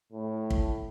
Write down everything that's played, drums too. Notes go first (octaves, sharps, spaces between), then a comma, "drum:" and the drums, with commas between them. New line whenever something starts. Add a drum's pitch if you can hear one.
A2
drum: kick